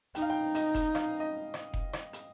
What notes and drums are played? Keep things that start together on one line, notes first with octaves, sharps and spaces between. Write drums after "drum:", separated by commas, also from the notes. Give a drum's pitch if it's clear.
D#4 G5, drum: hi-hat
F5
G5
D#5, drum: hi-hat
drum: kick F1, hi-hat
F5, drum: rim click
D#5
drum: rim click
drum: kick F1
drum: rim click
drum: hi-hat